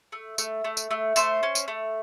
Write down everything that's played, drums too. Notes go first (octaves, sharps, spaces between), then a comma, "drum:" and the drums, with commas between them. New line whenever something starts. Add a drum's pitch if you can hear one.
A3
A3, drum: tambourine
A3
drum: tambourine
A3
A3 C5, drum: tambourine
C#4
drum: tambourine
A3